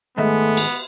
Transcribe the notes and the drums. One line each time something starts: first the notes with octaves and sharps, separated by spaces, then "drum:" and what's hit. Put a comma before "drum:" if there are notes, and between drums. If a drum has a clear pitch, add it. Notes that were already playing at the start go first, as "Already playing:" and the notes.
G#2 D#3 G#3 A3 B3 E5
drum: cymbal